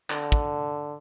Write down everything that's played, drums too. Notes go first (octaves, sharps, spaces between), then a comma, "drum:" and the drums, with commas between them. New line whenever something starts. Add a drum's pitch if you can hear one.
D3, drum: clap
drum: kick